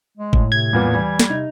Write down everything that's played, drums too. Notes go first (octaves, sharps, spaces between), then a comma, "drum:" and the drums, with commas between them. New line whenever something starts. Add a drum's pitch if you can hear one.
G#3
A2, drum: kick G1
C3 G#6
E2 A#2 G3 B3
E3 G3
drum: snare
C3 D#4